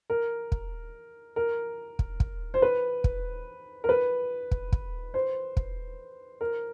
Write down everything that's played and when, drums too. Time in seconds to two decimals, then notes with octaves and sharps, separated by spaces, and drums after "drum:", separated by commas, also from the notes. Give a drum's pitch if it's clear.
0.10 A#4
0.52 drum: kick
1.36 A#4
1.99 drum: kick
2.20 drum: kick
2.54 C5
2.62 B4
3.04 drum: kick
3.84 A#4
3.89 B4
4.51 drum: kick
4.72 drum: kick
5.14 C5
5.57 drum: kick
6.41 A#4